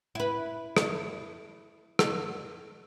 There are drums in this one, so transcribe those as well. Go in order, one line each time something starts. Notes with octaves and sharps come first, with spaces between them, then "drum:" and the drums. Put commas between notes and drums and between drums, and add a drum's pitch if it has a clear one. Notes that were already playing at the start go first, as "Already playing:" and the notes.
E4 B4
drum: rim click
drum: rim click